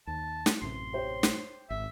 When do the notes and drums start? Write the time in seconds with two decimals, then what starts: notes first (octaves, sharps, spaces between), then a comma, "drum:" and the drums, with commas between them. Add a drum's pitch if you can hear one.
0.07 D#2 A5
0.46 drum: snare
0.62 A1 F#2 C3 C6
0.93 G4 C5 C#5
1.23 drum: snare
1.70 G#1 E5